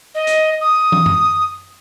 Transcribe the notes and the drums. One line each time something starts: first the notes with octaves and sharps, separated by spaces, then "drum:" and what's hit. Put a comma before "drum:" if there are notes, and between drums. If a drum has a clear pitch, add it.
D#5
drum: hi-hat
D#6
drum: tom
drum: tom F#2